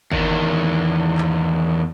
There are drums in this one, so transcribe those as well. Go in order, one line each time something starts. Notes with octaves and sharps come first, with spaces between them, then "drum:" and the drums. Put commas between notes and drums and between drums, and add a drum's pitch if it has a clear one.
E2 D#3, drum: kick G1
drum: clap